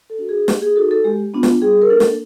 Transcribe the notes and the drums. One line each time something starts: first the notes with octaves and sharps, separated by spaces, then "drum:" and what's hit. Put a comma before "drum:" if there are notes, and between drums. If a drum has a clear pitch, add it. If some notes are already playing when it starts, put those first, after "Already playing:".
A4
D4 F#4
G#4
A#3 G4, drum: snare
G#4
D#4 F#4 A4
A4
G#3 G4
B3 D4 F4
drum: snare
G3 G#4
A#4
A#3 D4 A4
drum: snare